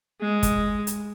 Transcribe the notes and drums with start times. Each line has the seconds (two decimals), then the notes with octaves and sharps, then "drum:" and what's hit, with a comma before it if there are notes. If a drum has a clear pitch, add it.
0.21 G#3
0.43 drum: kick, hi-hat
0.87 drum: hi-hat